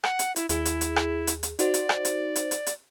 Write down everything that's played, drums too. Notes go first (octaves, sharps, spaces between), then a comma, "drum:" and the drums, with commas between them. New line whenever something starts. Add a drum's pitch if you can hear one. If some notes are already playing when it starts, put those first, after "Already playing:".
F#5, drum: rim click
drum: hi-hat
E4, drum: hi-hat
D#2 E4 G#4, drum: hi-hat
drum: hi-hat
drum: hi-hat
drum: rim click
drum: hi-hat
drum: hi-hat
D#4 F#4 C5 D5, drum: hi-hat
drum: hi-hat
drum: rim click
drum: hi-hat
drum: hi-hat
drum: hi-hat
drum: hi-hat